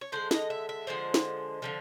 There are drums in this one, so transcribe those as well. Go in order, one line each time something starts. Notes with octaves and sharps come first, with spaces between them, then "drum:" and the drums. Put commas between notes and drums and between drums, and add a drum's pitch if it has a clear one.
C#5
D3 F3 G#3 C5
D#5, drum: snare
E5
E5
D3 F3 G#3 C5
drum: snare
D3 F3 G#3